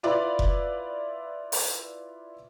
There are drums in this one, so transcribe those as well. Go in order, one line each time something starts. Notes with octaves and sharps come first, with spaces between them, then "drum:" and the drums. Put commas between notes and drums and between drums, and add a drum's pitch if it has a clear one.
E4 F4 B4 D5 F5
drum: kick F1
drum: open hi-hat